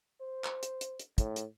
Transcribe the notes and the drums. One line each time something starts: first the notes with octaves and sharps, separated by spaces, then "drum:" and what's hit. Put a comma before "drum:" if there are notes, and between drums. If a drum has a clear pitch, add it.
C5
drum: clap
drum: hi-hat
drum: hi-hat
drum: hi-hat
A2, drum: kick, hi-hat
drum: hi-hat